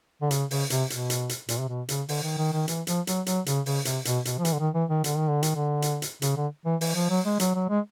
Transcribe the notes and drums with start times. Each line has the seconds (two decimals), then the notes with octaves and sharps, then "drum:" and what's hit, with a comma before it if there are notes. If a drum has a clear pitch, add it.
0.22 D3
0.31 C#3, drum: hi-hat
0.51 C#3, drum: open hi-hat
0.70 C3, drum: hi-hat
0.90 B2, drum: hi-hat
1.10 drum: hi-hat
1.29 drum: hi-hat
1.49 A#2, drum: hi-hat
1.60 C3
1.68 B2
1.89 C#3, drum: hi-hat
2.09 D3, drum: open hi-hat
2.23 D#3
2.38 D#3
2.52 D#3
2.68 E3, drum: hi-hat
2.87 F3, drum: hi-hat
3.07 F#3, drum: hi-hat
3.26 F#3, drum: hi-hat
3.46 C#3, drum: hi-hat
3.66 C#3, drum: open hi-hat
3.85 C3, drum: hi-hat
4.05 B2, drum: hi-hat
4.25 B2, drum: hi-hat
4.38 F3
4.45 E3, drum: hi-hat
4.53 D3
4.59 D#3
4.74 E3
4.89 D#3
5.04 D3, drum: hi-hat
5.17 D#3
5.29 D3
5.43 D#3, drum: hi-hat
5.55 D3
5.82 drum: hi-hat
6.02 drum: hi-hat
6.22 C#3, drum: hi-hat
6.36 D3
6.65 E3
6.81 E3, drum: open hi-hat
6.95 F3
7.10 F#3
7.25 G#3
7.40 F#3, drum: hi-hat
7.55 F#3
7.69 G#3